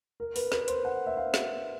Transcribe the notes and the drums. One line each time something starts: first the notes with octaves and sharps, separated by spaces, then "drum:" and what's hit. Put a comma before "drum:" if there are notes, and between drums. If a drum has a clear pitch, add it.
A#4
B4, drum: open hi-hat
B4, drum: snare
C5, drum: hi-hat
F#5
E5
F5
drum: snare